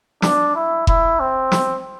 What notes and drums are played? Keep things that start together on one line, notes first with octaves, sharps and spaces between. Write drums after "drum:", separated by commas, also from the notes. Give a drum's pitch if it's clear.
D4, drum: snare
E4
E4, drum: kick F1
C4
drum: snare